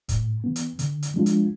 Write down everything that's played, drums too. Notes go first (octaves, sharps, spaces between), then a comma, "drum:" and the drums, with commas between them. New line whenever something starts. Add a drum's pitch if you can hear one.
A2, drum: kick, hi-hat
E3 B3
drum: hi-hat
D3, drum: hi-hat
drum: hi-hat
F3 G#3 D4 F4
drum: hi-hat